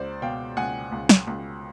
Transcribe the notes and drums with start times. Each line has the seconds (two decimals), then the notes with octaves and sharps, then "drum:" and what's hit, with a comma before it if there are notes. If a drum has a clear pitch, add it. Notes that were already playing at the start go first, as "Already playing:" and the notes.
Already playing: C#2 C5 D5
0.22 B2 F5 G5
0.57 C#2 F#5 G#5
0.92 C#2
1.09 drum: snare
1.27 C#2